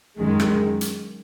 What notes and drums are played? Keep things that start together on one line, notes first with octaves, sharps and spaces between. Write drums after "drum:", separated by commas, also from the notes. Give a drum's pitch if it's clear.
F#2 D#3 G#3
drum: rim click
drum: hi-hat